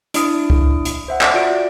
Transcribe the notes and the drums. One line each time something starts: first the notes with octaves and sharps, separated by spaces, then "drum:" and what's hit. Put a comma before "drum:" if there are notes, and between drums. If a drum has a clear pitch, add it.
D4 E4 D#6 D7, drum: hi-hat
drum: kick C#2
drum: hi-hat
C5 E5 F#5
drum: clap
F4 F#4 D5 D7